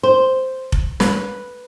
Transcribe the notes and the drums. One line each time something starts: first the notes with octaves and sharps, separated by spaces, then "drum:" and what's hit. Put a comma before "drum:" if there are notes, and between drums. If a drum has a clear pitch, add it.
C5
drum: kick F1
B4, drum: snare